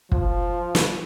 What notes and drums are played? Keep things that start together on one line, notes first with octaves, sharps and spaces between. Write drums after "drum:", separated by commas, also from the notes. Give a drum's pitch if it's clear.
F3, drum: kick
drum: snare